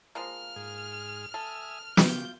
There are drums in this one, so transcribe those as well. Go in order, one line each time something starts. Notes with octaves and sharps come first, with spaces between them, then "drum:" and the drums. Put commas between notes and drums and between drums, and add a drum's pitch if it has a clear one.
F3 G#3 A#3 F6
G#2 G#4
A4 E5 G#5 D#6
C#3 F4 G4 G6, drum: snare